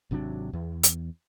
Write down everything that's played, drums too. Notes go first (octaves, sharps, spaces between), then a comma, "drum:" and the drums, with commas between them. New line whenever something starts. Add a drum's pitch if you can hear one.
G#1 C3 F#3 D4
E2
drum: hi-hat